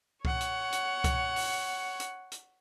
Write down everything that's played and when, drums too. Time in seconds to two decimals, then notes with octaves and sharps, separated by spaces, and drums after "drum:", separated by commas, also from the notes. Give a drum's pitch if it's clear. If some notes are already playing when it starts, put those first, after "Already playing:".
0.25 C#5 F#5, drum: kick C2
0.41 drum: hi-hat
0.72 drum: hi-hat
1.04 drum: kick C2, hi-hat
1.36 drum: open hi-hat
2.00 drum: hi-hat
2.32 drum: hi-hat